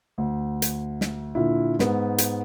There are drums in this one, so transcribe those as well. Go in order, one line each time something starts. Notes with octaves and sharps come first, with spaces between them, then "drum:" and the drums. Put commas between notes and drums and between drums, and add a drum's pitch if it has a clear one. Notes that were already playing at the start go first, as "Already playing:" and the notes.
D2
drum: hi-hat
drum: snare
A#2 D3 E4
G#2 B3, drum: snare
drum: hi-hat